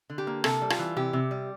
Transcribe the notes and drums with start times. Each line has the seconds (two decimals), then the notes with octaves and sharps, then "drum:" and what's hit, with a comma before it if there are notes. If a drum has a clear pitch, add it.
0.10 D3
0.18 G4
0.27 A#3
0.44 C3 A4, drum: rim click
0.62 G3
0.70 F4, drum: rim click
0.79 E3
0.96 C3 G4
1.13 C3
1.31 G3